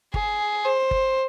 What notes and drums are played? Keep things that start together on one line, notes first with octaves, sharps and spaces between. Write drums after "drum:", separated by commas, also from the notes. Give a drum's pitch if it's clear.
G#4, drum: kick G1
C5
drum: kick G1